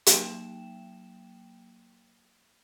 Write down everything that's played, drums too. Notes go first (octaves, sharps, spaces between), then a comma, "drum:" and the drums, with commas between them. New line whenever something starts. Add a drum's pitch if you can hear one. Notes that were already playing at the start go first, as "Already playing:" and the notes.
F#3 A#3 G5 E7, drum: hi-hat